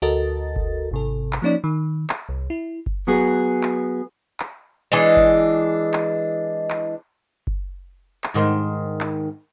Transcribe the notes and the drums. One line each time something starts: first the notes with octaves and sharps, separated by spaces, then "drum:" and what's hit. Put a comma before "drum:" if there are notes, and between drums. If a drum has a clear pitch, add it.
D2 F#4 A4 A#4 D#5 A6
drum: kick F#1
G#1 C3 A4
drum: clap
F3 A#3 C#4 D#4 D5
D#3
drum: clap
C2
E4
drum: kick F#1
F#3 B3 F#4 G#4
drum: clap
drum: clap
E3 G#3 D4 D#5
drum: kick F#1
drum: clap
drum: clap
drum: kick F#1
drum: clap
G#2 D#3 C5
drum: clap